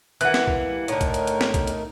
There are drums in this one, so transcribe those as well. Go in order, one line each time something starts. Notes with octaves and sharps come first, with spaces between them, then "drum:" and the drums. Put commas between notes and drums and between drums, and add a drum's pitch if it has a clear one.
E3 A#3 F#5 F#6, drum: hi-hat
drum: snare
drum: kick A#1
G3
A2 D3 A3 D#4 A#4, drum: hi-hat
drum: kick A#1, hi-hat
drum: hi-hat
drum: hi-hat
drum: snare
drum: kick A#1, hi-hat
drum: hi-hat